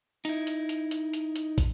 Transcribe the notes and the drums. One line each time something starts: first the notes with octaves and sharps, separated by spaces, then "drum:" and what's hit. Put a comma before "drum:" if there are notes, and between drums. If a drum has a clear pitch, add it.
D#4 E4, drum: hi-hat
drum: hi-hat
drum: hi-hat
drum: hi-hat
drum: hi-hat
drum: hi-hat
drum: kick, hi-hat